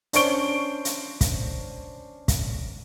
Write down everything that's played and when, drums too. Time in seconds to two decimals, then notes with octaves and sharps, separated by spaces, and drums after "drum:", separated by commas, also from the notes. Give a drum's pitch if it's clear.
0.13 C#4 D4 C5 C#6 D7 G7, drum: hi-hat
0.85 drum: hi-hat
1.21 drum: kick, hi-hat
2.28 drum: kick, hi-hat